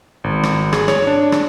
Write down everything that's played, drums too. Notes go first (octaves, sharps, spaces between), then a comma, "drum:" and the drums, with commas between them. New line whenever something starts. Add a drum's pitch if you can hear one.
G#1
drum: rim click
G#4, drum: rim click
C#5, drum: rim click
D4
drum: rim click